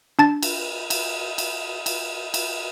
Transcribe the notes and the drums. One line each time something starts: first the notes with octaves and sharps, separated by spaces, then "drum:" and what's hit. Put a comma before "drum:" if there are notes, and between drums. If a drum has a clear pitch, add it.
D4 A5 A6
drum: cymbal
drum: cymbal
drum: cymbal
drum: cymbal
drum: cymbal